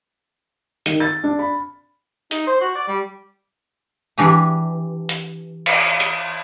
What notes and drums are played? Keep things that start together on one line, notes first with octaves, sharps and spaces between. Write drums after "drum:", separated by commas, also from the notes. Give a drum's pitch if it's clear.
D#3, drum: hi-hat
A6
D4
B5
D#4, drum: hi-hat
C5
F#4
D5
G3
E3 D4 G4 G#4 G#5
drum: hi-hat
drum: cymbal
drum: hi-hat